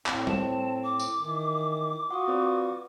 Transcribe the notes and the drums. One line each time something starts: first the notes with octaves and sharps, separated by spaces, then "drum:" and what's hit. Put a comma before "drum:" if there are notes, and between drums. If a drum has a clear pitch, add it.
A2 C4, drum: clap
A5, drum: tom G3
D6
drum: tambourine
D#3 E3
F4 F#4 F#5 C#6 D#6
C4 B4 D5